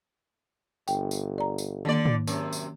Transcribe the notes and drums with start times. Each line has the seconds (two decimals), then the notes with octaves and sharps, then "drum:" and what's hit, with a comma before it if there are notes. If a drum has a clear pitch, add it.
0.88 G1 G5, drum: tambourine
1.11 drum: tambourine
1.38 D5 A#5
1.58 drum: tambourine
1.85 D3 D#3 A#3 D5
2.05 drum: tom
2.27 F#2 C3, drum: tambourine
2.53 drum: tambourine